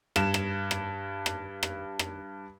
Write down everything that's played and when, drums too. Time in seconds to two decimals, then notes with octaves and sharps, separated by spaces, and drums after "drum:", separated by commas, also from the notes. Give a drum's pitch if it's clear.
0.16 G2 E7, drum: rim click
0.34 drum: rim click
0.71 drum: rim click
1.26 drum: rim click
1.63 drum: rim click
1.99 drum: rim click